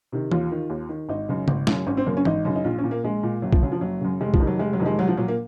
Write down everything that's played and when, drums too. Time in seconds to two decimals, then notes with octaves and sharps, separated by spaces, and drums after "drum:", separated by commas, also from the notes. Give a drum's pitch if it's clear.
0.12 C3 D#3
0.32 D#2 F4, drum: tom E3
0.51 D#3
0.70 D#2
0.89 D#3
1.09 G#1 D#4
1.29 F#2 C#3
1.48 G#1, drum: tom C#3
1.67 F#2 C#3, drum: snare
1.86 G#1 C#4
1.97 C4
2.06 F#2 C#3 A#3
2.17 C#4
2.25 G#1 D#4, drum: tom E3
2.45 F#2 C#3
2.56 D#4
2.64 A#1 F4
2.78 C#4
2.84 A#2
2.91 A#3
3.04 A#1 G#3
3.23 A#2
3.42 F#1 F#3
3.53 F3, drum: kick B1
3.62 F#2 C#3 F#3
3.72 F3
3.81 F#1 F#3
4.01 F#2 C#3
4.21 F1 G#3
4.34 F3, drum: kick B1
4.40 F2 C3 D#3
4.47 F#3
4.59 F1 G#3
4.73 F#3
4.80 F2 C3 D#3
4.86 G#3
4.98 C2 F#3
5.08 F3
5.17 A#2 F#3
5.28 A#3